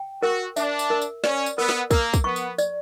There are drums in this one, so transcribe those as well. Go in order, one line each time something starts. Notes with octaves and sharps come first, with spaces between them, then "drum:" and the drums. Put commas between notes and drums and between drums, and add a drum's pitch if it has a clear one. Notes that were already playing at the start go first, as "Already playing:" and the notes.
Already playing: G5
F#4 A#4
D4 E5, drum: tambourine
drum: tambourine
A#4
drum: tambourine
C#4 D5, drum: snare
drum: tambourine
B3 A#4
drum: snare
A#3 A#4, drum: kick, tambourine
drum: kick, tambourine
B3 C#6
drum: tambourine
D5, drum: tambourine